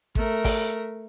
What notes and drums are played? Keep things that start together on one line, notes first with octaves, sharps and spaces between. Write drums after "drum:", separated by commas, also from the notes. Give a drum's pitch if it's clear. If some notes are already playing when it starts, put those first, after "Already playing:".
A3 A#4, drum: kick G#1
drum: kick G#1, open hi-hat